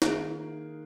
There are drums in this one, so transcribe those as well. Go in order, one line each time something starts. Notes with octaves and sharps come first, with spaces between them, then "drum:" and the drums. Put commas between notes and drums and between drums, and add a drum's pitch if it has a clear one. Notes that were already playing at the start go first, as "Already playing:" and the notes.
D#3 A#3 G#4 F#6 D7, drum: snare